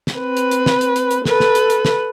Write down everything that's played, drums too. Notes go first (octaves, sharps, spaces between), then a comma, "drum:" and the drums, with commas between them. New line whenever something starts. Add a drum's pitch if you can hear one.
drum: snare
C4 B4
drum: hi-hat
drum: hi-hat
drum: snare
drum: hi-hat
drum: hi-hat
drum: hi-hat
A4 B4, drum: snare
drum: snare
drum: hi-hat
drum: hi-hat
drum: snare